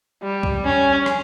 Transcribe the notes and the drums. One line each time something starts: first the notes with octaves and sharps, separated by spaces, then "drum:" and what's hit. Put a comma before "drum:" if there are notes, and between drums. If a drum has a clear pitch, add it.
G3
drum: kick C2
C#4
drum: rim click